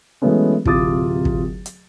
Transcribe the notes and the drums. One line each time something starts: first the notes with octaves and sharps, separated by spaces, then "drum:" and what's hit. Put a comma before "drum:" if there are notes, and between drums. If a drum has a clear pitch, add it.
E3 F#3 G#3 A3 B3 C#4
D1 C3 F4 D6 D#6 A6, drum: kick
drum: kick
drum: hi-hat